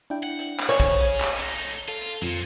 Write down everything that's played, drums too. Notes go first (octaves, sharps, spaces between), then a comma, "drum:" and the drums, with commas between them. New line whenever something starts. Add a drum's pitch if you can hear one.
D4 E4 G5
F#5
drum: hi-hat
drum: clap
C#3 C#5 G#5
drum: kick, hi-hat
drum: hi-hat
drum: clap
A3 D#4, drum: hi-hat
drum: hi-hat
F4 A4
drum: hi-hat
F2 A#2 F3, drum: hi-hat